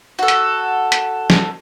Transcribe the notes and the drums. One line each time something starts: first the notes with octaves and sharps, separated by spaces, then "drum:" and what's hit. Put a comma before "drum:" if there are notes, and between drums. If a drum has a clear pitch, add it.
F#4 A4
drum: hi-hat
drum: hi-hat
drum: snare